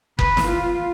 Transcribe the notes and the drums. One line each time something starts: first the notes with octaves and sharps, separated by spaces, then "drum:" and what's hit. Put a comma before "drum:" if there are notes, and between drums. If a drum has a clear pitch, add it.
B4, drum: kick F#1
drum: snare
F4